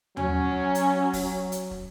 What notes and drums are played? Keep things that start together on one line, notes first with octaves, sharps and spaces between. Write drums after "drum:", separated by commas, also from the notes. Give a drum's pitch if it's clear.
F#3 C#4, drum: tom D#2
drum: hi-hat
drum: kick, open hi-hat
drum: hi-hat
drum: kick